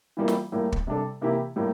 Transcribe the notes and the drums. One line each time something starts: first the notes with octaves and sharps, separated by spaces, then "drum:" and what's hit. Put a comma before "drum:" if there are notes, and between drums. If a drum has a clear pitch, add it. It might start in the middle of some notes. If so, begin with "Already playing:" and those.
E3 G3 A#3 E4
drum: snare
A2 G3 A#3
drum: kick
C3 G3 D4 A4
C3 E3 A#3 E4 G4
A2 G3 A#3